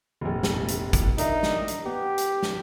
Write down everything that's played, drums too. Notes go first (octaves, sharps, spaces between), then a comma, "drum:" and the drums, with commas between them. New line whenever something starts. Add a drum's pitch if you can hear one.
F1 A#1
drum: snare
drum: hi-hat
drum: kick, hi-hat
D4 D#4 A#4 E5, drum: hi-hat
drum: snare
drum: hi-hat
B3 G4
drum: hi-hat
drum: snare